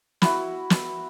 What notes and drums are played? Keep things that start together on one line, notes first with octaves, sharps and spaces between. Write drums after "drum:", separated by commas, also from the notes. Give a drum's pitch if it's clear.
E4 F#4 B5, drum: snare
drum: snare